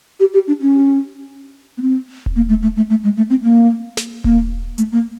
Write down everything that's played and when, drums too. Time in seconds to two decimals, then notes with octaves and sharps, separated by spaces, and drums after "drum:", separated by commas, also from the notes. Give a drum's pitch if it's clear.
0.20 G4
0.34 G4
0.48 D4
0.61 C#4
1.78 B3
1.82 C4
2.26 drum: kick D#1
2.36 A#3
2.49 A3
2.62 A3
2.76 A3
2.90 A3
3.04 G#3
3.17 A3
3.30 C4
3.43 A#3
3.97 drum: snare
4.24 A#3, drum: kick D#1
4.78 A3, drum: hi-hat
4.92 A#3